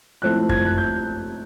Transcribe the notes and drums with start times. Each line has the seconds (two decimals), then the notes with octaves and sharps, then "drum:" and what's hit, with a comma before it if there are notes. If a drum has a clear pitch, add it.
0.22 F3 A3 C4 E4 F#6
0.49 G#6, drum: kick F#2
0.65 F#6
0.78 G6